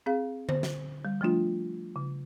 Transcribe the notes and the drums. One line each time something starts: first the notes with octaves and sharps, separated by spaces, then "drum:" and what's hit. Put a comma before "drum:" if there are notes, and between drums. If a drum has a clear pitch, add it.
C4 G#4 F5
C5, drum: tom D3
drum: snare
G3
F3 A3 D4 F4
C#3